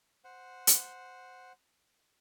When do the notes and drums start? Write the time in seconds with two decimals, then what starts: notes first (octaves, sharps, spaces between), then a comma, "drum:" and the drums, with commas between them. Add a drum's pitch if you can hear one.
0.24 C5 F#5
0.67 drum: hi-hat